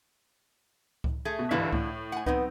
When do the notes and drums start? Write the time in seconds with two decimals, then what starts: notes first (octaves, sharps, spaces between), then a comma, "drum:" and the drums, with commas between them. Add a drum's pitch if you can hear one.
1.04 drum: kick C#2
1.25 A3 G#4
1.39 B2
1.51 C#2 G2 D3 E3 E4 F5
1.73 A2, drum: kick C#2
2.12 F#5 G#5
2.26 F#3 B3 C4 D#4, drum: kick C#2